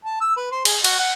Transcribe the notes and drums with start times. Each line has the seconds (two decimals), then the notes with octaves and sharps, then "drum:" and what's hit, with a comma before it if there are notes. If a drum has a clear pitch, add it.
0.05 A5
0.21 E6
0.37 B4
0.52 C5
0.65 G#4, drum: cymbal
0.84 F#4, drum: cymbal
0.99 F#5